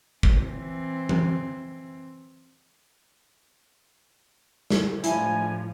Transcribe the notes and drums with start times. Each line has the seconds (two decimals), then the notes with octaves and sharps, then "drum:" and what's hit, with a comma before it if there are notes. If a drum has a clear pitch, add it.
0.23 E3 C4, drum: kick
1.09 drum: tom E3
4.70 drum: snare
5.04 A2 F3 D4 E4 G#5, drum: hi-hat